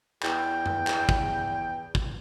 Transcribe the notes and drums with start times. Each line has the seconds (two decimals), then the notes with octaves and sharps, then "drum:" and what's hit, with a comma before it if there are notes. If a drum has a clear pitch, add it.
0.23 E2 G5, drum: clap
0.66 drum: tom F#2
0.87 drum: clap
1.09 drum: kick
1.95 drum: kick